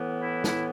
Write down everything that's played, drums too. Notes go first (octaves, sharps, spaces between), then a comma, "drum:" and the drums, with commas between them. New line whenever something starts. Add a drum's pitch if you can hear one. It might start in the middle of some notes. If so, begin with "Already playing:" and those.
Already playing: A2 E3 B3
E4
E4, drum: snare